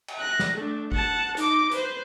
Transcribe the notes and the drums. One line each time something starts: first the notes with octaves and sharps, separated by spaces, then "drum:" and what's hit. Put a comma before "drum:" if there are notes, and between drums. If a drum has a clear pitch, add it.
drum: cymbal
F#6 A#6
drum: snare
A3 D4
F#5 A5, drum: kick G1
D#4 D6, drum: hi-hat
B4 C5, drum: hi-hat